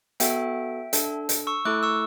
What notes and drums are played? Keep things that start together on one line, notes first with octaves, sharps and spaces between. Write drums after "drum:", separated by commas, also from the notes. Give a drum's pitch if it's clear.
B3 F#4 A4 E5 G5, drum: hi-hat
D4 A4, drum: hi-hat
drum: hi-hat
C#6 E6
A3 E4 A4 D6 F#6
C#6 E6